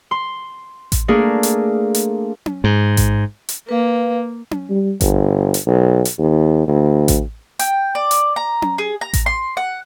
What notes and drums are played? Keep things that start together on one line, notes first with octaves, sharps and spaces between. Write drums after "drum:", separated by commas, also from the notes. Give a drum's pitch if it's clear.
C6
drum: kick A1, hi-hat
A3 A#3 D4 G#4
drum: hi-hat
drum: hi-hat
drum: tom C#4
G#2
drum: kick A1, hi-hat
drum: hi-hat
A#3 B4 F5
drum: tom C#4
G3
G1, drum: kick A1, hi-hat
drum: hi-hat
B1
drum: hi-hat
D#2
D2
drum: kick A1, hi-hat
G5, drum: hi-hat
D5
drum: hi-hat
A#5
drum: tom C#4
G#4
A#5
drum: kick A1, hi-hat
C6
F#5